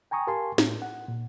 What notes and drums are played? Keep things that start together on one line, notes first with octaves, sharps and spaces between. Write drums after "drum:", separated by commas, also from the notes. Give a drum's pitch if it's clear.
G5 G#5 A#5 C#6 D#6
G4 A#4 F5 G#5 A5 C6
A2, drum: snare
F#5
A#2